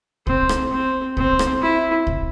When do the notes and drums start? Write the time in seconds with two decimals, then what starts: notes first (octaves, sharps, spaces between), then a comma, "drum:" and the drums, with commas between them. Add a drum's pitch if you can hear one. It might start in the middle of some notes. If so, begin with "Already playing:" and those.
0.27 C4, drum: kick C2
0.49 drum: rim click
0.72 C4
1.17 C4, drum: kick C2
1.39 drum: rim click
1.62 E4
2.07 drum: kick C2